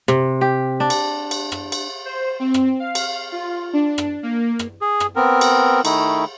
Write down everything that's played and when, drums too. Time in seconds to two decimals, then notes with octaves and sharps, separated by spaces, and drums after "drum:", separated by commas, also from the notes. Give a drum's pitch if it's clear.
0.08 C3, drum: rim click
0.41 G4
0.80 D4
0.90 drum: cymbal
1.31 drum: cymbal
1.52 drum: rim click
1.72 drum: cymbal
2.05 C5
2.40 C4
2.54 drum: rim click
2.80 F5
2.95 drum: cymbal
3.32 F4
3.73 D4
3.98 drum: rim click
4.23 A#3
4.59 drum: rim click
4.81 G#4
5.00 drum: rim click
5.16 B3 C4 A#4
5.41 drum: cymbal
5.85 D#3 A3 D#4 E4, drum: cymbal